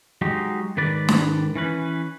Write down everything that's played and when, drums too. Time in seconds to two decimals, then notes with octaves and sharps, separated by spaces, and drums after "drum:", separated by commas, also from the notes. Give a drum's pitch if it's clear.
0.22 F#3 G#3 D#4 F#4 G4
0.77 G#2 D#3 B4 D5
1.09 drum: snare
1.56 E3 C#4 B4